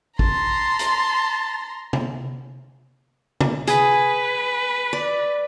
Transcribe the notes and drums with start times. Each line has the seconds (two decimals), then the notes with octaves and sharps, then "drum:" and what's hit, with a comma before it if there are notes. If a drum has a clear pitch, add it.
0.19 A5 A#5 C6, drum: kick
0.79 drum: hi-hat
1.93 drum: tom C3
3.41 drum: tom C3
3.67 G#4 B4, drum: hi-hat
4.93 D5